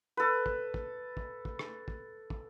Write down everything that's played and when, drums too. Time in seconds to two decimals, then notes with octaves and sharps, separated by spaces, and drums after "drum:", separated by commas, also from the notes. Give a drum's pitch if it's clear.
0.17 A4 B4
0.46 drum: kick
0.74 drum: kick
1.17 drum: kick
1.45 drum: kick
1.59 drum: rim click
1.88 drum: kick
2.30 drum: kick